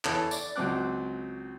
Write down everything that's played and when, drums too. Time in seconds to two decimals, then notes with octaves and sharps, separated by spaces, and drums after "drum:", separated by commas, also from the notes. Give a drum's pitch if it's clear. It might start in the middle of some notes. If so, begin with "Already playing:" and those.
0.05 E2 A4 C#5 A5, drum: clap
0.31 D5, drum: tambourine
0.56 C#2 F#3 C4 D6 F#6